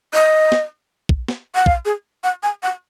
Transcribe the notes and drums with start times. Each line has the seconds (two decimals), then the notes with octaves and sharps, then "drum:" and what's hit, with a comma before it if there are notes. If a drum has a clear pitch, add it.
0.14 D#5
0.52 drum: snare
1.09 drum: kick A#1
1.28 drum: snare
1.55 F#5
1.66 F5, drum: kick A#1
1.85 G#4
2.24 F#5
2.43 G#5
2.63 F#5